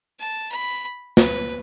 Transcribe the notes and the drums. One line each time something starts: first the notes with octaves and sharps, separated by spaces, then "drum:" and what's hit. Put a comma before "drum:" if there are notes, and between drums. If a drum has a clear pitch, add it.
A5
B5
B4, drum: snare